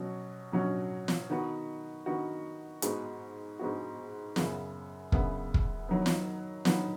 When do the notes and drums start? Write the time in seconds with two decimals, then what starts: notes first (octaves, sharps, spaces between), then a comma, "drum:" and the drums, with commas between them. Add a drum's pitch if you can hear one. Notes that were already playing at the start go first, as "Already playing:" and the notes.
Already playing: B2 F#3 C#4 F#4
0.52 B2 F#3 C#4 F#4
1.08 drum: snare
1.30 D#3 B3 F#4
2.06 D#3 B3 F#4
2.82 G#2 G#3 B3 F#4, drum: hi-hat
3.59 G#2 G#3 B3 F#4
4.36 F#2 C#3 B3, drum: snare
5.12 F#2 C#3 B3, drum: kick
5.54 drum: kick
5.89 D#3 F#3 B3
6.06 drum: snare
6.65 D#3 F#3 B3, drum: snare